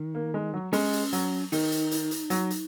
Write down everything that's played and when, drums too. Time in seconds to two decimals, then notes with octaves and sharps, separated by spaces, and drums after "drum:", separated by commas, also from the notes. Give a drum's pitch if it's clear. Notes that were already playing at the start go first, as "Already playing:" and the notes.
Already playing: D#3
0.15 A#3
0.34 G#3
0.54 F#3
0.73 G#3 C#4, drum: open hi-hat
0.93 drum: open hi-hat
1.13 F#3, drum: hi-hat
1.52 D#3 D#4, drum: open hi-hat
1.72 drum: hi-hat
1.91 drum: hi-hat
2.11 drum: hi-hat
2.30 F#3, drum: hi-hat
2.50 drum: hi-hat